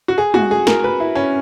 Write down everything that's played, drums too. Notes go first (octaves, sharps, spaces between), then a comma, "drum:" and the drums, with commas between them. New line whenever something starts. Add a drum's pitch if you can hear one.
F#4
G#4
F#4, drum: tom
G#4
A#4, drum: snare
B4
E4
C#4